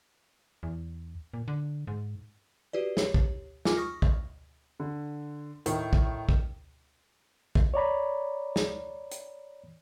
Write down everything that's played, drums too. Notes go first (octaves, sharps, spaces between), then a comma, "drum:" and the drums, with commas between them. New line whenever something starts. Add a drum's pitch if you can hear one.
E2
A#2
D3
G#2
F#4 G4 B4 D5
G4 C#5, drum: snare
drum: kick
F4 G#5 D6 F6, drum: snare
C#6 D#6 F6 A#6
drum: kick
D3
A2 D#3, drum: hi-hat
drum: kick
drum: kick
drum: kick
C#5 D5 A#5 B5
drum: snare
drum: hi-hat